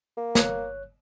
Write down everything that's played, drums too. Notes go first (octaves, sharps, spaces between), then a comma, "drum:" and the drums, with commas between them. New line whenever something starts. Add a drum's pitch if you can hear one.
A#3
G1 C#5 F#6, drum: snare